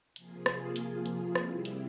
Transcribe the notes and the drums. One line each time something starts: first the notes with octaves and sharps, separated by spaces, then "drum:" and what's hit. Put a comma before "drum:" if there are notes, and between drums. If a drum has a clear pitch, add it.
C3 F3 A#3 F4 G#4, drum: hi-hat
drum: rim click
drum: hi-hat
drum: hi-hat
C3 G3 C4 E4, drum: rim click
drum: hi-hat